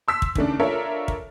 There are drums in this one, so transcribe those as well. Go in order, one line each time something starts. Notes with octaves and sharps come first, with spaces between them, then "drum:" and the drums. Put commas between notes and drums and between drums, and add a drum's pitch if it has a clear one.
C6 E6 B6
drum: kick
D#2 C#3 A3 D4, drum: kick
D4 F4 A4 A#4 C#5 E5
drum: kick